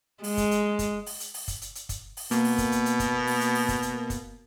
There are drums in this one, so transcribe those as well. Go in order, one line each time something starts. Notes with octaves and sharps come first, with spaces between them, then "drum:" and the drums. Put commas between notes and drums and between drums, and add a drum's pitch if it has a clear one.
G#3, drum: open hi-hat
drum: kick, hi-hat
drum: hi-hat
drum: kick, hi-hat
drum: open hi-hat
drum: hi-hat
drum: open hi-hat
drum: kick, hi-hat
drum: hi-hat
drum: hi-hat
drum: kick, hi-hat
drum: open hi-hat
B2 A#3, drum: hi-hat
drum: open hi-hat
drum: kick, hi-hat
drum: hi-hat
drum: hi-hat
drum: kick, hi-hat
drum: open hi-hat
drum: hi-hat
drum: open hi-hat
drum: kick, hi-hat
drum: hi-hat
drum: kick, hi-hat